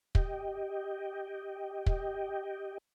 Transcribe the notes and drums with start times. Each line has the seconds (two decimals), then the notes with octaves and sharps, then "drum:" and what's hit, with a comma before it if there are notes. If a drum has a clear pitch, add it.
0.15 G4 D#5 G5, drum: kick
1.86 drum: kick